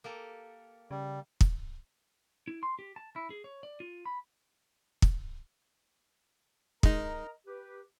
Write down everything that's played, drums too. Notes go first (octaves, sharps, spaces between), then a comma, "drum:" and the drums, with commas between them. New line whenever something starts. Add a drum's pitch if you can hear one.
A#3 G4 A4
C#3 G3
drum: kick
E4
C6
G4
A5
E4
G#4
C#5
D5
F4
B5
drum: kick
G#3 D#4 A#4 D#5 A#5, drum: kick
G4 B4